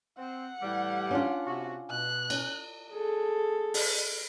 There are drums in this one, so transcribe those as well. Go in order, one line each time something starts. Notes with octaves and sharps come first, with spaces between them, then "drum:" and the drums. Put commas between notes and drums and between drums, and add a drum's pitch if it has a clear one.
C4 F#5
A2 E3 G3
C#4 D4 F4
C3 F#4
B2 F#6
C#4, drum: cymbal
G#4 A4
drum: open hi-hat